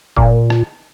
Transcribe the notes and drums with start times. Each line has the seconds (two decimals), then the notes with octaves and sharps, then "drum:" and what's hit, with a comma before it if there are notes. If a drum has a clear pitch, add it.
0.16 A#2, drum: kick F#1
0.50 drum: rim click